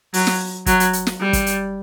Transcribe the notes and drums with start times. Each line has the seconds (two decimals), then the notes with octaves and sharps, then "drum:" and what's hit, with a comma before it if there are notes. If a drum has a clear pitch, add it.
0.14 F#3, drum: open hi-hat
0.27 drum: snare
0.66 F#3, drum: kick, hi-hat
0.80 drum: hi-hat
0.93 drum: hi-hat
1.07 drum: snare
1.20 G3
1.33 drum: kick, hi-hat
1.46 drum: hi-hat